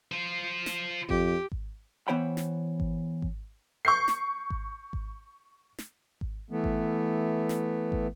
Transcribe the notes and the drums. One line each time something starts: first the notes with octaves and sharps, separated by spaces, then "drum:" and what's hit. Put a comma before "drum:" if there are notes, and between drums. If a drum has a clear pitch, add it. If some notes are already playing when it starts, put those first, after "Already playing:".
F4 C5
drum: snare
F2 G4, drum: kick G#1
drum: kick G#1
E3 B3 C5 C#5 G5 B5
drum: snare
drum: kick G#1
drum: kick G#1
C#6 G6 C7
drum: snare
drum: kick G#1
drum: kick G#1
drum: snare
drum: kick G#1
E3 A3 B3
drum: kick G#1
drum: snare
drum: kick G#1